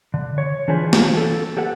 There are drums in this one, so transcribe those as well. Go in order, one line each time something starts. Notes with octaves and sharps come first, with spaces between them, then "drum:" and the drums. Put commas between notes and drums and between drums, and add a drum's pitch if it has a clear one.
D3
C#5
E3 D4 F4 G#4 B4 C5
drum: snare
A4
G4 A4 B4 F#5